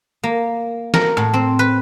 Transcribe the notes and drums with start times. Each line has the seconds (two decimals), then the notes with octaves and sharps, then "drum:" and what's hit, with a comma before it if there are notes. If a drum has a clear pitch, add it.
0.23 A#3
0.94 A#4, drum: snare
1.17 A2, drum: rim click
1.34 C4
1.59 B4